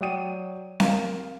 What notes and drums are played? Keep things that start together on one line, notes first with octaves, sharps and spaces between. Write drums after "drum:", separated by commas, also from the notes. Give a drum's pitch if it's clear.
F#3 D5 G5 D#6 D#7
A#4 F5, drum: snare C4